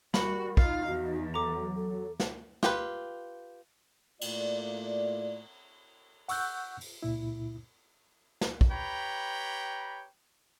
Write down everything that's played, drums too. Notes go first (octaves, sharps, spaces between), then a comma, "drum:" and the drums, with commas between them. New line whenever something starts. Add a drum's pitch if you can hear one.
G3 F#4 A#4 B5, drum: snare
D#4 F4 F5, drum: kick
E2 F#4
F#3 A4 A#5 D6
A4
drum: snare
F4 G4 B4, drum: snare
A2 A3 A#3 F4 D5, drum: cymbal
F#5 C#6 E6 F#6 G6, drum: open hi-hat
drum: open hi-hat
C#2 A#2 E4
drum: snare
drum: kick
G4 B4 C#5 G5 A#5 B5